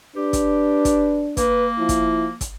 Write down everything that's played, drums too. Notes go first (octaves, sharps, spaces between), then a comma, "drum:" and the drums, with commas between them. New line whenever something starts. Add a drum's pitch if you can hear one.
D4 G4 B4
drum: kick, hi-hat
drum: kick, hi-hat
A#3 B4, drum: kick, hi-hat
F3 E4
drum: kick, hi-hat
drum: kick, hi-hat